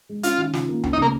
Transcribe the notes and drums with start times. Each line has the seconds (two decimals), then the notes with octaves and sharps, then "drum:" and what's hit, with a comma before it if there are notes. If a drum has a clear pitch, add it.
0.09 G#3
0.23 C#4 F4, drum: hi-hat
0.38 D#3
0.53 F4, drum: snare
0.69 A#3
0.83 C#4, drum: tom C#2
0.93 D#4
0.97 C#3
1.02 A#3